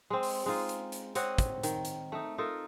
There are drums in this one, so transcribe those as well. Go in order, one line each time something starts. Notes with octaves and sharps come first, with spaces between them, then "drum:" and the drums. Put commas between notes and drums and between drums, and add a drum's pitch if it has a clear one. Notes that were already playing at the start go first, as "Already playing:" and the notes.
G#3 C4
drum: open hi-hat
G#3 D#4 F4
drum: hi-hat
drum: hi-hat
C4 C#5 D#5 F#5, drum: hi-hat
drum: kick, hi-hat
D#3, drum: hi-hat
drum: hi-hat
A3 D#4
D#4 F4 A4 A#4